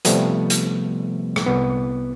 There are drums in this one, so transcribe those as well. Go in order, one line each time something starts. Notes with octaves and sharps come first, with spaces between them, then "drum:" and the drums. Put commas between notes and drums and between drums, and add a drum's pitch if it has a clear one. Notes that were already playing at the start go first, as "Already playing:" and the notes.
C3 F3 G3 A3 B3, drum: hi-hat
drum: hi-hat
drum: rim click
C2 B3